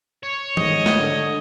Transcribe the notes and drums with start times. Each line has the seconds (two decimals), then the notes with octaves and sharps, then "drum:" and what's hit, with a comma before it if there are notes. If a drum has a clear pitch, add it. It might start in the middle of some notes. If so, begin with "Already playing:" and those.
0.23 C#5
0.57 G#2 D#5, drum: tom D#3
0.86 drum: snare
0.97 D3